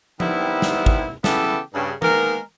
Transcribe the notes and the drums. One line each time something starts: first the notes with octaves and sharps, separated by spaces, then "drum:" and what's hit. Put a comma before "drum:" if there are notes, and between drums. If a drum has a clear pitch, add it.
D#3 G3 B3 C4 E4, drum: tom F3
drum: snare
drum: kick
C#3 E3 B3 E4 G4 A4, drum: snare
G2 C#3
D#3 G#3 A#3 B3 A#4, drum: tom E3